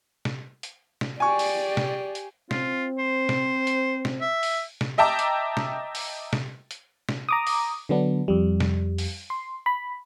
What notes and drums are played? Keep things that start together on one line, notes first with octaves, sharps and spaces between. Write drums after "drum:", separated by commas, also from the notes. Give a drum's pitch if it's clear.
drum: snare
drum: hi-hat
drum: snare
G4 G#4 D5 G#5 C#6
drum: open hi-hat
drum: snare
drum: hi-hat
C4 F4, drum: snare
C5
drum: snare
drum: hi-hat
drum: snare
E5
drum: open hi-hat
drum: snare
D#5 E5 G5 A5 A#5 D6
drum: hi-hat
drum: snare
drum: open hi-hat
drum: snare
drum: hi-hat
drum: snare
A#5 D6 D#6
drum: open hi-hat
D3 F#3 B3 D4
F2 G3
drum: snare
drum: open hi-hat
C6
B5